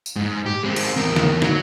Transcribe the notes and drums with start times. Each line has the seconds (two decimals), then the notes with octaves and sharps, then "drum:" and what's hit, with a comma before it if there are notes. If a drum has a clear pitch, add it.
0.06 drum: tambourine
0.16 G#2
0.46 G4
0.63 G#3 C4
0.76 drum: cymbal
0.96 E2 A#4
1.16 drum: snare
1.42 F#3, drum: snare